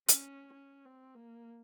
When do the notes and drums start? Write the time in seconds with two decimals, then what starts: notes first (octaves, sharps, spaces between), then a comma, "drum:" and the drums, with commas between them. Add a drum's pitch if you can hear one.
0.08 C#4, drum: hi-hat
0.53 C#4
0.85 C4
1.15 A#3